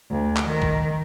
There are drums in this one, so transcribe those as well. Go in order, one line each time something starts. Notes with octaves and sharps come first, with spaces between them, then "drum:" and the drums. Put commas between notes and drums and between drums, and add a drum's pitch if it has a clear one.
D2
drum: clap
D#3
drum: kick